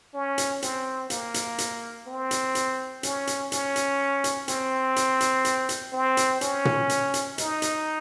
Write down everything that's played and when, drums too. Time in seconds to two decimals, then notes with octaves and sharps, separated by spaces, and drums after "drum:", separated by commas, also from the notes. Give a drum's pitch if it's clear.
0.14 C#4
0.38 drum: hi-hat
0.62 C4, drum: hi-hat
1.10 A#3, drum: hi-hat
1.34 drum: hi-hat
1.58 drum: hi-hat
2.07 C4
2.31 drum: hi-hat
2.55 drum: hi-hat
3.03 C#4, drum: hi-hat
3.27 drum: hi-hat
3.52 C#4, drum: hi-hat
3.76 drum: hi-hat
4.24 drum: hi-hat
4.48 C4, drum: hi-hat
4.96 drum: hi-hat
5.21 drum: hi-hat
5.45 drum: hi-hat
5.69 drum: hi-hat
5.93 C4
6.17 drum: hi-hat
6.41 C#4, drum: hi-hat
6.65 drum: tom A#2
6.89 drum: hi-hat
7.14 drum: hi-hat
7.38 D#4, drum: hi-hat
7.62 drum: hi-hat